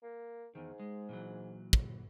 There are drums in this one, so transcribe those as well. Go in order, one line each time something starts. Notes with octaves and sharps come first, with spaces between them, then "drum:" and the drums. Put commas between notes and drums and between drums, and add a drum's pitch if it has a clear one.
A#3
E2 G#2 D#3
G#3
A#2 E3 F#3
drum: kick